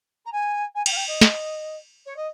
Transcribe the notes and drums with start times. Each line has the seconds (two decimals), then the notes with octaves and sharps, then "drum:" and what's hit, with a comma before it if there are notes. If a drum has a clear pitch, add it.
0.25 A#5
0.32 G#5
0.75 G#5
0.86 G5, drum: cymbal
0.91 F5
0.96 G5
1.07 D#5
1.21 drum: snare
2.06 C#5
2.16 D#5